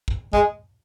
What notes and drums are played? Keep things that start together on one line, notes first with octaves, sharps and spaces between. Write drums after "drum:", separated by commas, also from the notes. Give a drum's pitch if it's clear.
drum: kick
G#3, drum: kick